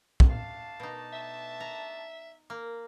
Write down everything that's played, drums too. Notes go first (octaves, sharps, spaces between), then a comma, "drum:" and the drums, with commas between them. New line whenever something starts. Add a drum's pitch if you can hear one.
drum: kick
A3 D4 F5 A5
B2 D#4
E5
A#5
A#3